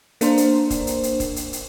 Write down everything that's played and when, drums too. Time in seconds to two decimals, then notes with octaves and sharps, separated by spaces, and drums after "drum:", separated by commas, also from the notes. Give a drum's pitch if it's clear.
0.21 A#3 D4 A#4 C5, drum: hi-hat
0.37 drum: hi-hat
0.70 drum: kick, hi-hat
0.87 drum: hi-hat
1.03 drum: hi-hat
1.20 drum: kick, hi-hat
1.36 drum: hi-hat
1.53 drum: hi-hat